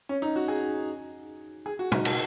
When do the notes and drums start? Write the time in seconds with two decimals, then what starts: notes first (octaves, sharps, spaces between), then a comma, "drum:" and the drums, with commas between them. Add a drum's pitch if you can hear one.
0.09 C#4
0.22 D#4
0.36 F#4
0.48 G#4
1.66 G#4
1.79 F#4
1.92 D#4, drum: tom
2.05 drum: cymbal